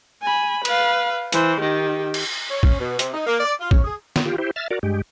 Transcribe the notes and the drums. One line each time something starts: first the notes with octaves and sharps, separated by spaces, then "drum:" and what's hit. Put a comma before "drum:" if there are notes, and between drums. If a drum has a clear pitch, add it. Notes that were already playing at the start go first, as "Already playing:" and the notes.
G#5 B5
B4 F5, drum: cymbal
E3 C5, drum: hi-hat
D#3 G4
drum: cymbal
C#5
C#4, drum: kick
B2
C3, drum: hi-hat
D#4
A#3
D5
F4
C#4, drum: kick
G#4
drum: snare
F4 G4
E4 G4 C5
E5 F6 A6
F#4 A#4 D5
G2 G#3 G4